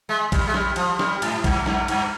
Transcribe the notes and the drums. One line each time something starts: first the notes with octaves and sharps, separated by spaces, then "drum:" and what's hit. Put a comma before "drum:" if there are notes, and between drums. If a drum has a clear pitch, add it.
G#3
G3, drum: kick A#1, cymbal
G#3
G3, drum: snare
F3, drum: cymbal
G3, drum: snare
G#2, drum: cymbal
G2, drum: kick A#1, cymbal
G2, drum: snare
G2, drum: cymbal